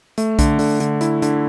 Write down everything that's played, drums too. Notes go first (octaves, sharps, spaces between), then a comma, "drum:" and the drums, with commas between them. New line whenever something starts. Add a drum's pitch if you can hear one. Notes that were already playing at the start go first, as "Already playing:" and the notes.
A3, drum: hi-hat
D3, drum: kick B1, hi-hat
D3, drum: open hi-hat
D3, drum: hi-hat
E4, drum: hi-hat
D3, drum: hi-hat